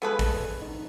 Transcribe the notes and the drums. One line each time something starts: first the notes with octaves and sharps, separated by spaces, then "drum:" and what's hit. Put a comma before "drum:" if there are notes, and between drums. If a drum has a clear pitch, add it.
G#3 B3 G#4 A4 B4 F5
drum: kick, open hi-hat
D#4